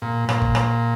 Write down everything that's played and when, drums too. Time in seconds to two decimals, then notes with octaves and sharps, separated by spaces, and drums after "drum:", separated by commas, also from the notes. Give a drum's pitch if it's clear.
0.02 A#2
0.29 A#2, drum: rim click
0.42 drum: kick
0.55 drum: rim click